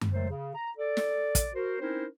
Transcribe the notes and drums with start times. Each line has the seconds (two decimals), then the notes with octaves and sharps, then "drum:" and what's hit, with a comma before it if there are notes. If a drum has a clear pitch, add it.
0.01 drum: tom F#2
0.12 D#3 F#3 G#3 A3 C5
0.30 C#3
0.55 A#5
0.78 A4 D5
0.97 drum: snare
1.35 drum: kick, hi-hat
1.54 F#4 A#4 C5
1.80 C4 C#4 D#4 E4 A#4 C5